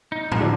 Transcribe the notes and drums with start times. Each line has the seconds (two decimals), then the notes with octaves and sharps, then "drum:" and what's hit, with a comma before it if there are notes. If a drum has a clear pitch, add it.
0.12 D#4
0.32 F3, drum: tom A2
0.41 D3